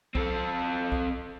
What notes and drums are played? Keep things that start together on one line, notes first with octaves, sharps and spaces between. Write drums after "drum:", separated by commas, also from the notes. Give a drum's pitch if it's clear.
C4 A4, drum: kick
drum: kick